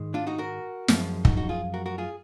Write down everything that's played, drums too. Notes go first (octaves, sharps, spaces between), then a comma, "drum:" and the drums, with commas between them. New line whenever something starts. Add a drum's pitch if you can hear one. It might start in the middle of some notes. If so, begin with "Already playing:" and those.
Already playing: G#2 D#3 G#3
D4 F4
D#4 F#4
F#4 A#4
F#2 F3 G#3, drum: snare
D#4 F#4, drum: kick
D#4 F#4
F4 G#4
F#4 A#4
F#4 A#4
F4 G#4